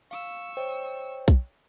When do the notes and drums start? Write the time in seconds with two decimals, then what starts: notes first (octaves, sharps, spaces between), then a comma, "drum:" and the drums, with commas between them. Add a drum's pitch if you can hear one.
0.11 F5 C#6 E6
0.57 C5 C#5 D#5 G5
1.28 drum: kick B1